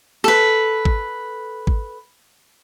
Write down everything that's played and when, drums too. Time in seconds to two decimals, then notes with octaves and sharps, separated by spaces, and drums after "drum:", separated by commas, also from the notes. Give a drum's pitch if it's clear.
0.24 A4 B4
0.85 drum: kick G#1
1.67 drum: kick G#1